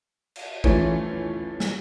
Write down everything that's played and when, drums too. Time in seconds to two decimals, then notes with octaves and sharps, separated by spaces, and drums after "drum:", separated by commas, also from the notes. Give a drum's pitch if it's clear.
0.36 drum: cymbal
0.64 E3 F3 A3 C#4, drum: kick
1.60 drum: snare